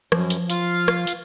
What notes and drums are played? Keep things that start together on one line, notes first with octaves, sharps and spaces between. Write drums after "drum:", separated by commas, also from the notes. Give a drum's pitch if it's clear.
F#2 F3, drum: rim click
drum: hi-hat
F4 F5, drum: hi-hat
drum: rim click
drum: hi-hat